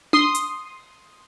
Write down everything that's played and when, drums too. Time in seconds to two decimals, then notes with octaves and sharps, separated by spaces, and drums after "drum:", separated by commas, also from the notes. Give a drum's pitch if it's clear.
0.13 C6 D#6 C7, drum: tom D4
0.35 drum: hi-hat